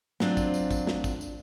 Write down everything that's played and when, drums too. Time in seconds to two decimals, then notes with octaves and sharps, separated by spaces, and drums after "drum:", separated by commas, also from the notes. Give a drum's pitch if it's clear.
0.20 F#3 C4 D4 F4, drum: snare
0.37 drum: kick, tambourine
0.54 drum: tambourine
0.71 drum: kick, tambourine
0.87 drum: snare
1.04 drum: kick, tambourine
1.21 drum: tambourine